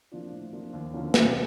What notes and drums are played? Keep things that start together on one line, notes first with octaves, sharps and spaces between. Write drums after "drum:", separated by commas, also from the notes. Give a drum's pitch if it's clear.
F3 A#3 D4 F4
A2
F3 A#3 D4 F4
D#2
D3 F3 A#3 C#4
D#2, drum: snare